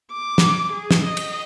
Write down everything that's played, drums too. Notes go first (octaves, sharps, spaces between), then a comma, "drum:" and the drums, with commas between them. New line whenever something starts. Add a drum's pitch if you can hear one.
D6
drum: snare
G#4
drum: snare
D#5
drum: cymbal